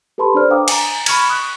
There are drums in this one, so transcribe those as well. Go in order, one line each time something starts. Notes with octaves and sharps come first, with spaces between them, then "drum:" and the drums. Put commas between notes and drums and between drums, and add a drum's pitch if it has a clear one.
G4 A4 B4 A5 B5 C6
D4 A4 C5 D5 F6
F5 G5 A#5 D6 D#6
G#5 A#5, drum: cymbal
B5 C#6 F6 G#6, drum: cymbal
C#6 D#6 F#6